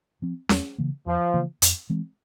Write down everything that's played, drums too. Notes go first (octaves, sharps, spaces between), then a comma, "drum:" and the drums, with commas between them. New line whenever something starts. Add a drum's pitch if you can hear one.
F3 C4
E2, drum: snare C#4
C#3 E3 A#3
E2 F3
C#3 E3 A#3
F2, drum: hi-hat
E3 G#3 C4